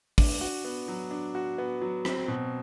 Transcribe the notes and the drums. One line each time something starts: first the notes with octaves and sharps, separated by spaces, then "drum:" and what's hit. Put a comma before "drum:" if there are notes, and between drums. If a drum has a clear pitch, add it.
D4, drum: kick, open hi-hat
F#4
B3
F#3
D4
F#4
B3
F#3
C4, drum: rim click
B2